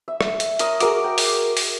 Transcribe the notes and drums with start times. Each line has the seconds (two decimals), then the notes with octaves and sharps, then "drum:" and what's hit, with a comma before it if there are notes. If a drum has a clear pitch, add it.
0.08 E5
0.21 drum: rim click
0.40 drum: hi-hat
0.59 A#4 C#5 D#5, drum: hi-hat
0.80 F#4 G#4 A#4 D6, drum: hi-hat
1.04 G5
1.18 drum: open hi-hat
1.57 drum: open hi-hat